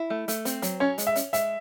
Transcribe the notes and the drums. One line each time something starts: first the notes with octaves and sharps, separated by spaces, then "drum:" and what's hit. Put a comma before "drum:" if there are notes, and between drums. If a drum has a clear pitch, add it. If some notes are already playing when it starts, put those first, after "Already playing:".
Already playing: E4
A3
A3, drum: hi-hat
C4, drum: hi-hat
F#3, drum: hi-hat
C#4 C#5
G#3, drum: hi-hat
E5
C#4, drum: hi-hat
G#3 E5, drum: hi-hat